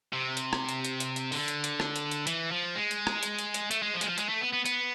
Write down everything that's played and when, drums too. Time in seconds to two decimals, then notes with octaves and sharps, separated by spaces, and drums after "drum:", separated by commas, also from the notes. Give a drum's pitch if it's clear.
0.13 C3
0.37 drum: hi-hat
0.53 drum: rim click
0.69 drum: hi-hat
0.84 drum: hi-hat
1.00 drum: hi-hat
1.16 drum: hi-hat
1.32 D3, drum: open hi-hat
1.48 drum: hi-hat
1.64 drum: hi-hat
1.80 drum: rim click
1.96 drum: hi-hat
2.11 drum: hi-hat
2.27 E3, drum: hi-hat
2.51 F3
2.75 G#3
2.91 drum: hi-hat
3.07 drum: rim click
3.23 drum: hi-hat
3.39 drum: hi-hat
3.54 drum: hi-hat
3.71 A3, drum: hi-hat
3.83 G#3
3.94 F3
4.01 G#3, drum: hi-hat
4.06 F3
4.18 G#3, drum: hi-hat
4.29 A3
4.41 B3
4.53 B3
4.66 B3, drum: hi-hat